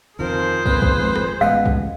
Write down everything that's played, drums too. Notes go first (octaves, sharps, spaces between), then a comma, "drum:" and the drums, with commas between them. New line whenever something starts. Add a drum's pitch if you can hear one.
F2 D#3 F3 G#4 A#4 C5
G#1 F2 A#2 B4, drum: kick
drum: kick
drum: tom G#3
drum: rim click
A1 G#3 B3 F5
drum: kick